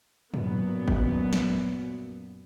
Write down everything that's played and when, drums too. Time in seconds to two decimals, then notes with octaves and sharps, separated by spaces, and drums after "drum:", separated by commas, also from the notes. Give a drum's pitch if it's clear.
0.34 F#2 A#2 B3, drum: tom G#2
0.88 drum: kick G#1
1.33 drum: snare